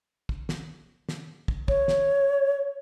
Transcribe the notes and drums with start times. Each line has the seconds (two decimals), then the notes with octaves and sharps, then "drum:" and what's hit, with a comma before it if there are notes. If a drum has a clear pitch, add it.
0.29 drum: kick
0.49 drum: snare
1.09 drum: snare
1.48 drum: kick
1.68 C#5, drum: kick
1.88 drum: snare